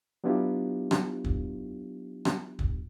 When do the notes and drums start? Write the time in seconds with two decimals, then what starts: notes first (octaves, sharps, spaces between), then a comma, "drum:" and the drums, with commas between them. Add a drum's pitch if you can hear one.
0.24 F#3 B3 D4 E4 F4 G4
0.91 drum: rim click
1.24 drum: kick
2.25 drum: rim click
2.59 drum: kick